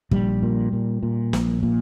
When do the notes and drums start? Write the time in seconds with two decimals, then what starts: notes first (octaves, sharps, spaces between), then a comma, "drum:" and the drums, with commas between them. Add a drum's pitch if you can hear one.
0.11 A#1 G3, drum: kick
0.43 A#2
0.73 A#2
1.03 A#2
1.33 A#1, drum: snare
1.63 A#2